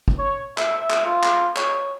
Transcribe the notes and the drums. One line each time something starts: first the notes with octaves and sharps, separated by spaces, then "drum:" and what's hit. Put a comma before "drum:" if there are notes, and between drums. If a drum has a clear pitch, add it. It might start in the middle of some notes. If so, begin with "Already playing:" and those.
drum: kick
C#5
E5, drum: clap
drum: clap
F4
drum: clap
C#5, drum: clap